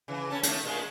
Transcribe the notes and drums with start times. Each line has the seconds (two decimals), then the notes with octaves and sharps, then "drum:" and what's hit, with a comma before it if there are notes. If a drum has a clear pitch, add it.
0.08 C#3 E3
0.30 C#4 A4
0.43 D#3 A3, drum: hi-hat
0.64 A#2 G#3 A3